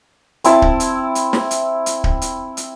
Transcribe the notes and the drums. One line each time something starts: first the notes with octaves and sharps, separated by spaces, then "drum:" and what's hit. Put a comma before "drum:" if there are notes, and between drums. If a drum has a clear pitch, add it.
C4 E4 A5, drum: hi-hat
drum: kick D1
drum: hi-hat
drum: hi-hat
drum: snare
drum: hi-hat
drum: hi-hat
drum: kick D1
drum: hi-hat
drum: hi-hat